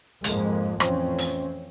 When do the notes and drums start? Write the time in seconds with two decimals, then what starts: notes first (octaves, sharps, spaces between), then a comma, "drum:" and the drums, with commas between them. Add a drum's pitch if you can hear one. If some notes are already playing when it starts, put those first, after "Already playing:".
0.24 F2 G#2 F3 G#3 A#3, drum: hi-hat
0.80 F2 A2 E3 F3 C4 C#4, drum: rim click
1.18 drum: open hi-hat